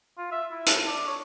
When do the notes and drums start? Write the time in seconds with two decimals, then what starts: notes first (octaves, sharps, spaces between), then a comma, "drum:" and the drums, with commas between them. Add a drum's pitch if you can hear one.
0.18 F4
0.32 E5
0.52 E4
0.66 A4, drum: hi-hat
0.87 D4
1.07 C#5